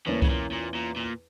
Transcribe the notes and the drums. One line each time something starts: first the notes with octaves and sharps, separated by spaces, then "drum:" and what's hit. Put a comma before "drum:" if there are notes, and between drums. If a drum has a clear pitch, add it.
E2 A2 E3 A#3 C#4
C#3, drum: kick C2
A#2
A#2
A#2
A#2